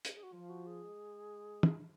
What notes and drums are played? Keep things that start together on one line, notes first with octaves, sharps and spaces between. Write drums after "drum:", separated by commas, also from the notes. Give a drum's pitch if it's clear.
drum: hi-hat
G#4
F#4
F3 F4
F#4
G#4
G#3
drum: tom